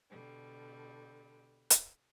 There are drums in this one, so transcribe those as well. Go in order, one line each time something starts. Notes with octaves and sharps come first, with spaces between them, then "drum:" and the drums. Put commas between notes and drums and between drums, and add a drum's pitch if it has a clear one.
B2 D3 G3
drum: hi-hat